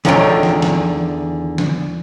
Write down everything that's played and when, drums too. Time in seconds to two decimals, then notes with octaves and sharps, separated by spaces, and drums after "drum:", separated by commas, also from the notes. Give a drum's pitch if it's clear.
0.05 E2 D3 D#3 F4 C#5 G5, drum: snare
0.43 drum: snare
0.62 drum: snare
1.58 drum: snare